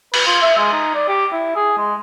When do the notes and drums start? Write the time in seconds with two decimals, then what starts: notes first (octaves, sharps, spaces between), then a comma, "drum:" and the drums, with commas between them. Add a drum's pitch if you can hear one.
0.14 B4, drum: cymbal
0.26 F4
0.42 E5
0.58 G#3
0.73 D#4
0.95 D5
1.08 G4
1.33 E4
1.56 G#4
1.78 G#3